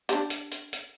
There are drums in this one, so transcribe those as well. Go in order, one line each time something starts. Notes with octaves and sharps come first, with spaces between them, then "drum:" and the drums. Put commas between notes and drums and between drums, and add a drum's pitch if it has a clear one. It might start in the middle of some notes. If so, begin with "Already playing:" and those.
D4 G4, drum: hi-hat
drum: hi-hat
drum: hi-hat
drum: hi-hat